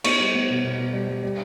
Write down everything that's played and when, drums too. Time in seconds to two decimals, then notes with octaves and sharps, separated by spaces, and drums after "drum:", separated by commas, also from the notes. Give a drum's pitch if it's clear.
0.04 B3 C#6, drum: cymbal
0.20 G3
0.35 B3
0.50 B2
0.64 B2
0.79 B2
0.93 G3
1.09 G3
1.23 G3